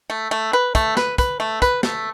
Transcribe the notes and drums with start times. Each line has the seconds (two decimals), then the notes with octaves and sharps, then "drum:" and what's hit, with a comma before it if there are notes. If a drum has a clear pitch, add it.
0.10 A3
0.31 A3
0.53 B4
0.75 A3, drum: kick, hi-hat
0.97 B4, drum: snare
1.18 B4, drum: kick, hi-hat
1.40 A3
1.62 B4, drum: kick, hi-hat
1.83 A3, drum: snare